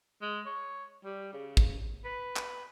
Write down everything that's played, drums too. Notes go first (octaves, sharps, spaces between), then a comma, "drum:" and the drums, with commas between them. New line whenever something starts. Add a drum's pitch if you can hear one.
G#3
C#5
G3
C#3
drum: kick
B4
drum: clap